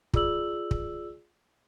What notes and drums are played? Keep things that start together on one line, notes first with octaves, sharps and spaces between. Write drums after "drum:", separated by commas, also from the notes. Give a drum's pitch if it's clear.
F4 G#4 D5 E6 F#7, drum: kick
drum: kick